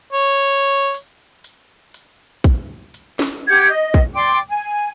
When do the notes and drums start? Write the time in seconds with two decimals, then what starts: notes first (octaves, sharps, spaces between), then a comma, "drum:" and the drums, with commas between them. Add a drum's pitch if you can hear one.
0.12 C#5
0.94 drum: hi-hat
1.44 drum: hi-hat
1.94 drum: hi-hat
2.44 drum: kick, hi-hat
2.94 drum: hi-hat
3.19 drum: snare
3.47 G4 F#5 G6 G#6
3.69 D#5
3.94 drum: kick, hi-hat
4.14 D5 G5 C6 D6
4.49 G#5